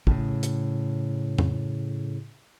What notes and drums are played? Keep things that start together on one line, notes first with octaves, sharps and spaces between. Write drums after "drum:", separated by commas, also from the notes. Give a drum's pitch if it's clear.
A2 C#3, drum: kick
drum: hi-hat
drum: tom